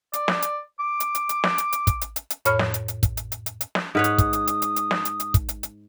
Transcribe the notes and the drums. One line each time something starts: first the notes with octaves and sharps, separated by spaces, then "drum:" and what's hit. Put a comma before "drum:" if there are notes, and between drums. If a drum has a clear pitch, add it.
D5, drum: hi-hat
drum: snare
drum: hi-hat
D6
drum: hi-hat
drum: hi-hat
drum: hi-hat
drum: snare
drum: hi-hat
drum: hi-hat
drum: kick, hi-hat
drum: hi-hat
drum: hi-hat
drum: hi-hat
F2 A2 C#5 B5 F6, drum: hi-hat
drum: snare
drum: hi-hat
drum: hi-hat
drum: kick, hi-hat
drum: hi-hat
drum: hi-hat
drum: hi-hat
drum: hi-hat
drum: snare
G#2 B4 C#5 D#6
drum: hi-hat
drum: kick, hi-hat
drum: hi-hat
drum: hi-hat
drum: hi-hat
drum: hi-hat
drum: snare
drum: hi-hat
drum: hi-hat
drum: kick, hi-hat
drum: hi-hat
drum: hi-hat